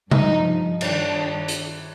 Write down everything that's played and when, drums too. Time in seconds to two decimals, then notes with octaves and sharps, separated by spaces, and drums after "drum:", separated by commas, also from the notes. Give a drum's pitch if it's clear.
0.11 G2 F3 D#4, drum: tom C3
0.81 G2 D#3 D4, drum: cymbal
1.48 drum: hi-hat